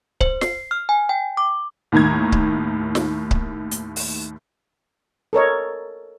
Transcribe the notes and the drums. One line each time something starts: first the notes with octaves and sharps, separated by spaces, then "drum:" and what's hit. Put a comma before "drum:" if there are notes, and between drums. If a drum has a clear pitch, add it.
C5, drum: kick C#1
C7, drum: snare
F6
G#5
G5
D6
D#2 A2 D#3 A#5 G#6
drum: kick C#1
drum: snare
drum: kick C#1
drum: hi-hat
drum: open hi-hat
A4 A#4 C#5 D#5